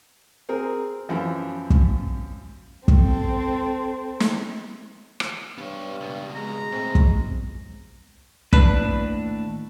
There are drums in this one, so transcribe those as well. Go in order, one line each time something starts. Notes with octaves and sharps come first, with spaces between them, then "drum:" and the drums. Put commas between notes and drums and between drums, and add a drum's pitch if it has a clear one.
C4 G#4 A#4
F#2 E3 F3
drum: kick
C4 A4, drum: kick
drum: snare
drum: rim click
G2 B3 C#5
C#2 B2
G#3 A#5
A2 G#3 C4
drum: kick
D#2 A2 D4 B4, drum: kick